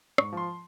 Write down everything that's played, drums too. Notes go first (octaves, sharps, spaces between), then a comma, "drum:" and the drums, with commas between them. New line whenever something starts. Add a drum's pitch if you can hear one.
G#2 C#6, drum: rim click
F3 C6